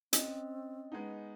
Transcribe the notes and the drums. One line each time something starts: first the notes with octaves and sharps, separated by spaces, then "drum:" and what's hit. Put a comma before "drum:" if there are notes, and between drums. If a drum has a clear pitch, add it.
C4 C#4 D#5, drum: hi-hat
G#3 B3 D#4